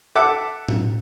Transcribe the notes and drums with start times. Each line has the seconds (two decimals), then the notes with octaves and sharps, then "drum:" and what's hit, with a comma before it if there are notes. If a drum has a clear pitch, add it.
0.15 A4 E5 F#5 D6
0.68 drum: tom A2